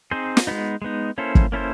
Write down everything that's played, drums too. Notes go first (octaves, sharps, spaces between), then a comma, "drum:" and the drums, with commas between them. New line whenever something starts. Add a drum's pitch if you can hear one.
C4 D#4 G#4 C5
drum: snare
G#3 B3 D#4
G#3 B3 D#4
A#3 C#4 E4 A4 C5
drum: kick
A#3 C#4 E4 A4 C5